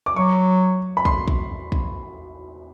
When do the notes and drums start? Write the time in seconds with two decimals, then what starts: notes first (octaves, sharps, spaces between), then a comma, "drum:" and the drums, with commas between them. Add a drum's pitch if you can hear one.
0.06 D6
0.16 F#3 C#6
0.97 B5
1.05 C6, drum: kick
1.28 drum: kick
1.72 drum: kick